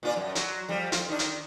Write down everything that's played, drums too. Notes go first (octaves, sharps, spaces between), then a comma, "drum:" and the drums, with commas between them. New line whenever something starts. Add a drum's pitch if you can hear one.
A#2 F4 D5
F#2
F#3, drum: hi-hat
F2 G3
F2 F4, drum: hi-hat
D#3 D4
drum: hi-hat